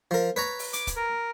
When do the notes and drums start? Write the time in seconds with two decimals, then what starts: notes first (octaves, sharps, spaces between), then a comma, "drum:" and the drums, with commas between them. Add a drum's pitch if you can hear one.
0.11 F3 A#4
0.36 B4 C#5 A#5
0.59 drum: open hi-hat
0.73 D6, drum: hi-hat
0.87 drum: kick, hi-hat
0.96 A#4